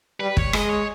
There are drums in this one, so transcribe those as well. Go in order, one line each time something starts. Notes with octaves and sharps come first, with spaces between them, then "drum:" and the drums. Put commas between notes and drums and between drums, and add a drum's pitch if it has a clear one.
G3 B4
C#5, drum: kick
G#3 D#5, drum: rim click
C#5